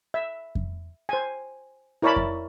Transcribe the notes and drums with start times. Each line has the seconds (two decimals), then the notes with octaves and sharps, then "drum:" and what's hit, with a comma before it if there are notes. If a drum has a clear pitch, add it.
0.14 E5
0.55 drum: kick F2
1.09 C5 G#5
2.02 E4 A#4 C#5 D5 A5 B5
2.16 drum: kick F2